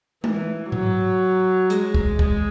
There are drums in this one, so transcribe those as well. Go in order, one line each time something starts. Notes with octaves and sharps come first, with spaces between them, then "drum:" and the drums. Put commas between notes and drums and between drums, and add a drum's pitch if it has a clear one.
E3, drum: tom G#3
F#3, drum: tom G#2
G#3, drum: hi-hat
drum: kick
G#3, drum: kick